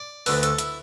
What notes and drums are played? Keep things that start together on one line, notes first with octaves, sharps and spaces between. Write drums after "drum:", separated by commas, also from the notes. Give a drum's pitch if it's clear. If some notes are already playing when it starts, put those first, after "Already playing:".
Already playing: D5
D2 D3 A3 B4, drum: open hi-hat
A4, drum: hi-hat
E4, drum: hi-hat